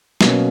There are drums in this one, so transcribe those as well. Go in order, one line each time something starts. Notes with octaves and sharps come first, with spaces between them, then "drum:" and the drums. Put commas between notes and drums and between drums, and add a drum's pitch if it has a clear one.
B2 F#3 A#3 C#4, drum: snare